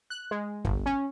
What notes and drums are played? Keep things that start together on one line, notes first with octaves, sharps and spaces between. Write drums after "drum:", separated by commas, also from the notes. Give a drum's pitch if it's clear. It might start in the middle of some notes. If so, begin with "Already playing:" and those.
F#6
G#3
G1, drum: tom A1
C#4